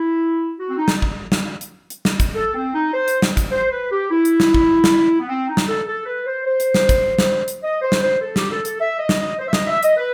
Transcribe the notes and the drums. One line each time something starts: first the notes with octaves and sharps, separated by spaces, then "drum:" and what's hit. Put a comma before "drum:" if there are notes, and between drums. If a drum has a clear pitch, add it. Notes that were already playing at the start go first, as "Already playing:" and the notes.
Already playing: E4
F#4
C4
D#4
drum: snare
drum: kick
drum: snare
drum: hi-hat
drum: hi-hat
drum: snare
drum: kick, hi-hat
A4
C4
D#4
C5
drum: hi-hat
drum: snare
drum: kick, hi-hat
C5
B4
G4
E4
drum: hi-hat
drum: snare
drum: kick
drum: snare
B3
C4
D#4
drum: snare
A4
A4
B4
C5
C5
drum: hi-hat
drum: snare
drum: kick, hi-hat
drum: snare
drum: hi-hat
D#5
C5
drum: snare
C5
A4
G4, drum: snare
A4
A4, drum: hi-hat
E5
D#5
drum: snare
D#5
C5
E5
D#5, drum: snare
E5
D#5, drum: hi-hat
B4